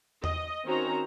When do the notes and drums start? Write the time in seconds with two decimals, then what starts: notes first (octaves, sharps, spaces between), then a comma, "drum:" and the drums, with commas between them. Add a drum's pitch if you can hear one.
0.24 D#5, drum: tom E2
0.65 D#3 C4 C#4 F#4 C5 A#5